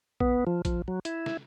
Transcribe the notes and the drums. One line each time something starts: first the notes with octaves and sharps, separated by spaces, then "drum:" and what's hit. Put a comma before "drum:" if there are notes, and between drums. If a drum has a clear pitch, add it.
B3, drum: kick
F3
F3, drum: kick, hi-hat
F#3
E4, drum: hi-hat
drum: snare